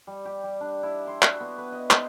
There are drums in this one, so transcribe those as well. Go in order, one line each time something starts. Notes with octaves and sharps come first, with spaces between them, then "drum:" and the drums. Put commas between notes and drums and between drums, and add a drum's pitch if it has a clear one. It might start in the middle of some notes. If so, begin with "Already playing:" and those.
G3
G4
G3
D4
E4
C6
F#4, drum: clap
B3
B4
D#5
C5, drum: clap